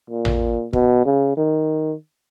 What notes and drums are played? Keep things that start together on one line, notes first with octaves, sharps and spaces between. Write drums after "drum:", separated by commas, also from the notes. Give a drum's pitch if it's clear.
A#2
drum: tom A1
B2, drum: kick
C#3
D#3